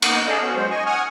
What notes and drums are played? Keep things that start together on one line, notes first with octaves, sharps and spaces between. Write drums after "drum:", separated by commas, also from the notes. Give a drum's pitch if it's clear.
A#3 B3 D#4 F#5, drum: cymbal
G#4 A4 D5 D#5 F5
B3 C#4 F#4
F#3 G#3 C5
D#5 G#5 C#6
F#5 G#5 C#6 D#6 F6